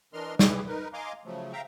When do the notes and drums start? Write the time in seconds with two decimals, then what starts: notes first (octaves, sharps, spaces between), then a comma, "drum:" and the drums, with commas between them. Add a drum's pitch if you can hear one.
0.13 E3 D4 A#4 D#5 C6 F6
0.39 E4 G4 G#4 B4, drum: snare
0.67 D#4 A#4 B4
0.93 D#5 F5 G#5 A#5 C6 D6
1.25 C#3 F3 F#3 A3
1.53 E5 F5 G5 A#5